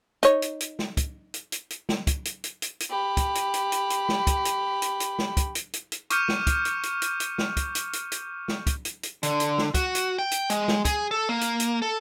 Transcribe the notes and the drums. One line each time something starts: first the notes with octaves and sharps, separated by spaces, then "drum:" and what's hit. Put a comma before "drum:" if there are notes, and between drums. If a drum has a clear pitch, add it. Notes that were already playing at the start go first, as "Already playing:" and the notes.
D#4 C#5, drum: hi-hat
drum: hi-hat
drum: hi-hat
drum: snare
drum: kick, hi-hat
drum: hi-hat
drum: hi-hat
drum: hi-hat
drum: snare
drum: kick, hi-hat
drum: hi-hat
drum: hi-hat
drum: hi-hat
drum: hi-hat
G4 B5
drum: kick, hi-hat
drum: hi-hat
drum: hi-hat
drum: hi-hat
drum: hi-hat
drum: snare
drum: kick, hi-hat
drum: hi-hat
drum: hi-hat
drum: hi-hat
drum: snare
drum: kick, hi-hat
drum: hi-hat
drum: hi-hat
drum: hi-hat
C#6 D6 F6 G6 C#7 D#7, drum: hi-hat
drum: snare
drum: kick, hi-hat
drum: hi-hat
drum: hi-hat
drum: hi-hat
drum: hi-hat
drum: snare
drum: kick, hi-hat
drum: hi-hat
drum: hi-hat
drum: hi-hat
drum: snare
drum: kick, hi-hat
drum: hi-hat
drum: hi-hat
D3, drum: hi-hat
drum: hi-hat
drum: snare
F#4, drum: kick, hi-hat
drum: hi-hat
G5
drum: hi-hat
G#3, drum: hi-hat
drum: snare
G#4, drum: kick, hi-hat
A4
A#3
drum: hi-hat
drum: hi-hat
A4